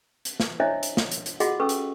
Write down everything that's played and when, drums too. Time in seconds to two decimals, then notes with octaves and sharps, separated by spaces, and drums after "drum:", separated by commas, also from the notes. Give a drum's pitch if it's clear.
0.25 drum: hi-hat
0.40 drum: snare
0.60 D4 E4 C5 C#5 D#5 E5
0.83 drum: hi-hat
0.97 drum: snare
1.12 drum: hi-hat
1.26 drum: hi-hat
1.40 F4 F#4 G#4 D#5 F#5, drum: hi-hat
1.60 C#4 A4 B4 C#6 E6
1.69 drum: hi-hat